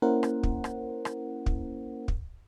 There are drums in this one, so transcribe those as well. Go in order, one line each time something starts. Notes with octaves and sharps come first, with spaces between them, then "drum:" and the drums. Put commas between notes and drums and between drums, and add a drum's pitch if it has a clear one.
A#3 C#4 E4 A#4 C5 F#5
drum: rim click
drum: kick
drum: rim click
drum: rim click
drum: kick
drum: kick